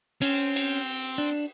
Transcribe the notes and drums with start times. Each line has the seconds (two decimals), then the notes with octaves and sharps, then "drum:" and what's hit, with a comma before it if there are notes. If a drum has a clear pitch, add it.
0.22 C4 C#4, drum: cymbal
0.56 drum: cymbal
1.18 D4